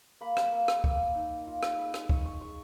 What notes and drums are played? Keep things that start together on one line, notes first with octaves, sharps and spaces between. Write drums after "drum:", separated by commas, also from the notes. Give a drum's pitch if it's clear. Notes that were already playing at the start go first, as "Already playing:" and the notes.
A#3 B5
drum: rim click
A#3
drum: rim click
A#3, drum: kick
D#4
F4
drum: rim click
G#3 B5
drum: rim click
G#3 C#6, drum: kick
C#6
G#3 C#6